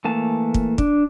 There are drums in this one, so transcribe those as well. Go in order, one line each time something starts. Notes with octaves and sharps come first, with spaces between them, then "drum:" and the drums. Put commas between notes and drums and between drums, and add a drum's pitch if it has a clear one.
E3 A3 A#3 A5
drum: kick
D4, drum: kick